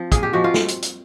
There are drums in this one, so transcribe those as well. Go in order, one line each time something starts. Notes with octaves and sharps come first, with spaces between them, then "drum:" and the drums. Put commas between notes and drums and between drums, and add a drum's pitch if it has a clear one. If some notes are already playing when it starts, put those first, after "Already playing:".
Already playing: F3 C4
A#2 G#4, drum: kick, hi-hat
G4
F3 G#3 F#4
F4
drum: snare
drum: hi-hat
drum: hi-hat